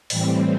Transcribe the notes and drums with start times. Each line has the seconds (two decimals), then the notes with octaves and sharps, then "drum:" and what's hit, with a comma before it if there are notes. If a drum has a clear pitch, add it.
0.10 A2 E3 G3 C4, drum: open hi-hat